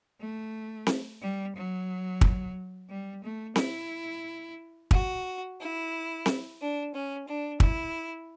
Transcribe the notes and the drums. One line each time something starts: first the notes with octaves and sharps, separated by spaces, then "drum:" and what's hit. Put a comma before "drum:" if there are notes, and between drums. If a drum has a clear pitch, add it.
A3
drum: snare C4
G3
F#3
drum: kick
G3
A3
E4, drum: snare C4
F#4, drum: kick
E4
drum: snare C4
D4
C#4
D4
E4, drum: kick